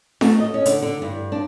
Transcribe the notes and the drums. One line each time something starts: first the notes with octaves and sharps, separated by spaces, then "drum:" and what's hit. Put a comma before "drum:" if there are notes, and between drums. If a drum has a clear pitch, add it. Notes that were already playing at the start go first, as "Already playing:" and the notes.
A3, drum: snare
D#5
C#4
D3, drum: hi-hat
D3
G2
D4